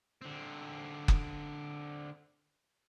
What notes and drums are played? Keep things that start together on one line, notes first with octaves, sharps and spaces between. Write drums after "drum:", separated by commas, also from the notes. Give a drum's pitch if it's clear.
D3 C4
drum: kick F#1